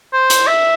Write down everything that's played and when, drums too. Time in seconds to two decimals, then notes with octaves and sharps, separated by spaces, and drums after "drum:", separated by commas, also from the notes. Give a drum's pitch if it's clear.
0.13 C5
0.30 drum: hi-hat
0.47 E5